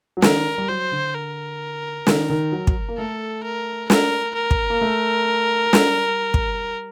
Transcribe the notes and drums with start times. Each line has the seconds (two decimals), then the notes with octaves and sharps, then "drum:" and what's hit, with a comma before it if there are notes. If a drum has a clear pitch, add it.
0.17 F#3
0.22 D#3 A#4, drum: snare
0.58 G3
0.69 F#3 C5
0.92 D3
1.15 A#4
2.07 D#3, drum: snare
2.30 D#3
2.52 F#3
2.67 drum: kick
2.88 A#3
2.98 A3 A4
3.44 A#4
3.90 A#4, drum: snare
4.35 A#4
4.51 drum: kick
4.70 A#3
4.81 A3
5.73 G3, drum: snare
6.34 drum: kick